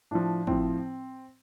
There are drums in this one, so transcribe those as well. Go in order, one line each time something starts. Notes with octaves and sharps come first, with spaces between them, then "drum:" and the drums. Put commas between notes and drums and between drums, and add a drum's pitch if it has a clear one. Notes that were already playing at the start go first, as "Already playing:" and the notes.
A2 F3 D4
A2 F3 C4, drum: kick